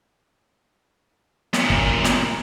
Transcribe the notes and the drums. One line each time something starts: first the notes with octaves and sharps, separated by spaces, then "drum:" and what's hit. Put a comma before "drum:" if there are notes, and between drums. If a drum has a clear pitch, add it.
F#2 A#2, drum: snare
drum: kick
drum: snare